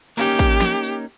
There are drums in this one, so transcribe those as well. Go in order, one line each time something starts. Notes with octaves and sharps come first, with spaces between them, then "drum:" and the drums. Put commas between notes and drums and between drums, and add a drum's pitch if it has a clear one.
A#3 C#4 D#4 G4, drum: tambourine
drum: kick, tambourine
drum: snare
drum: tambourine